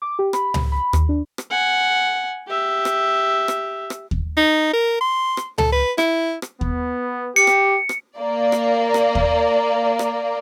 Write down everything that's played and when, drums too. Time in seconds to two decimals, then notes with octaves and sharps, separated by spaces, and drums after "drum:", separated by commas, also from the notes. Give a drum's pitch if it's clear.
0.02 D6
0.19 G4
0.33 B5, drum: rim click
0.54 drum: tom C#2
0.72 B5
0.93 D#2, drum: rim click
1.09 D4
1.38 drum: rim click
1.51 F#5 G#5
2.48 G4 E5
2.85 drum: rim click
3.48 drum: rim click
3.90 drum: rim click
4.11 drum: kick D#2
4.37 D#4
4.73 A#4
5.01 C6
5.37 drum: rim click
5.58 A4, drum: tom C#2
5.72 B4
5.98 E4, drum: rim click
6.42 drum: rim click
6.61 B3, drum: kick D#2
7.36 G4 C#7
7.47 drum: rim click
7.89 drum: rim click
8.17 A#3 D5
8.52 drum: rim click
8.94 drum: rim click
9.15 drum: kick D#2
9.99 drum: rim click